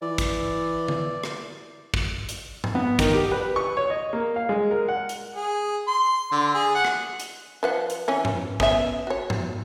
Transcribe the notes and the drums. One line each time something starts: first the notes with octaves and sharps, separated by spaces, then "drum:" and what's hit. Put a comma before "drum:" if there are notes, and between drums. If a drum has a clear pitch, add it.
E3 D5
drum: kick, hi-hat
drum: tom D3
drum: rim click
drum: kick
drum: hi-hat
drum: tom G#2
B3
D#3, drum: kick, hi-hat
G4
B4
C#6
C#5
D#5
A#3
F5
G#3
A#4
F#5
drum: hi-hat
G#4
C6
D3
G#4
F#5
drum: rim click
drum: hi-hat
F3 B4 F#5
drum: hi-hat
E3 C#4
drum: tom G#2
B3 C#4 E5, drum: kick
F#4 C#5
drum: tom G#2